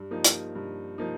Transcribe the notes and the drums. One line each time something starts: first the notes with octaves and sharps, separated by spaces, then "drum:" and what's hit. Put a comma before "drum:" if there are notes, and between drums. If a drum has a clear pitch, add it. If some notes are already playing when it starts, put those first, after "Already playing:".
Already playing: G2
F3 A#3 D#4
drum: hi-hat
G2
F3 A#3 D#4